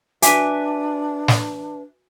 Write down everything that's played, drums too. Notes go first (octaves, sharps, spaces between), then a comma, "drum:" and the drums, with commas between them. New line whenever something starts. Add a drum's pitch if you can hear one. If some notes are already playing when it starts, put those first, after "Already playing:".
D4 F#4 B4 E5 G#5 D6, drum: hi-hat
drum: snare